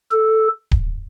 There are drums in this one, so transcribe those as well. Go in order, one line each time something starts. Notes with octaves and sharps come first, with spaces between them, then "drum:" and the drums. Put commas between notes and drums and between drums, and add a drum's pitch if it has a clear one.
A4
drum: kick D1